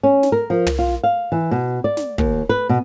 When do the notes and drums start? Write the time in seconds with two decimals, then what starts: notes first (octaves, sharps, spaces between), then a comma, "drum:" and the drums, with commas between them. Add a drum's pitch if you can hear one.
0.03 C#4
0.23 drum: snare
0.32 A#4
0.50 F3
0.66 drum: tom
0.79 F4
1.03 F5
1.32 E3
1.51 B2
1.84 D5
1.97 drum: snare
2.18 D#2, drum: kick
2.49 B4
2.69 B2